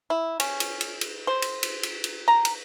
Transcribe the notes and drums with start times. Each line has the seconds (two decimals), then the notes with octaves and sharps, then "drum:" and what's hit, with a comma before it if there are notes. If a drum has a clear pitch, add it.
0.10 E4
0.40 C#4, drum: cymbal
0.60 drum: cymbal
0.81 drum: cymbal
1.01 drum: cymbal
1.27 C5
1.42 drum: cymbal
1.63 drum: cymbal
1.83 drum: cymbal
2.04 drum: cymbal
2.28 A#5
2.45 drum: cymbal